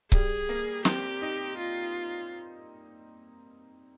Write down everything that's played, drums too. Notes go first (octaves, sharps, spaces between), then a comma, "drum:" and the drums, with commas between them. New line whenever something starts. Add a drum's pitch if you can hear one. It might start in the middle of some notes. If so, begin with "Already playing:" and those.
G3 G#4, drum: kick C#1
A#3
C4 G4, drum: snare
D#4
F4